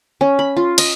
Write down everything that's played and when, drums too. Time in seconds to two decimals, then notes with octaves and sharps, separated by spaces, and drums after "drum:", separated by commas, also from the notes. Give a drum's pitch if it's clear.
0.21 C#4
0.39 B5
0.57 F4
0.78 D#5, drum: cymbal